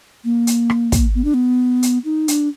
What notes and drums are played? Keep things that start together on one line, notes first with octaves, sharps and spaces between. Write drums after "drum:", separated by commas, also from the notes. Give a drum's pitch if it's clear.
A#3
drum: hi-hat
drum: rim click
drum: kick, hi-hat
B3
D4
B3
drum: hi-hat
D#4
D4, drum: hi-hat